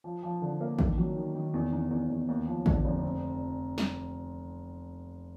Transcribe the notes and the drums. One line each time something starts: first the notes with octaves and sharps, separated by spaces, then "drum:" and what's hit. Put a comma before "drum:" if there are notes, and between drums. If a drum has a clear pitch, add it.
F3
F3
D3
A#3
D#3, drum: kick
F#3
D#3
D#3
E2
E2
E2
E2
D#2
F3
D3, drum: kick
F1
C4
drum: snare